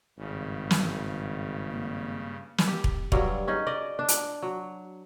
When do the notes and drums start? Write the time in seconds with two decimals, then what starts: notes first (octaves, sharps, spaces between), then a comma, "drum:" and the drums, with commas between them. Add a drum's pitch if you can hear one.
0.18 G#1 G2 C#3
0.71 drum: snare
1.70 A#3
2.58 drum: snare
2.68 G4
2.84 drum: kick
3.12 G2 F#3 G3 F5, drum: kick
3.48 C#4 D#4 G#4
3.67 D5 D#5
3.99 D4
4.08 drum: hi-hat
4.42 F#3